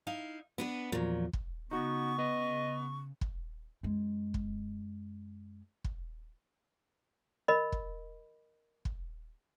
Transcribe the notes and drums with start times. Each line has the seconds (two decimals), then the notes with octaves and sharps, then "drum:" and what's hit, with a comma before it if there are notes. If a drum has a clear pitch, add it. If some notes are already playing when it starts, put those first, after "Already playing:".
0.07 D#4 E4 F5
0.58 B3 D4 B4
0.92 E2 A#2 F3 F#3
1.33 drum: kick
1.71 C#3 B3 D#4 F#4 C#6
2.18 B3 D#5
3.21 drum: kick
3.83 F#2 G#3
4.34 drum: kick
5.84 drum: kick
7.48 A#4 D#5 B5
7.72 drum: kick
8.85 drum: kick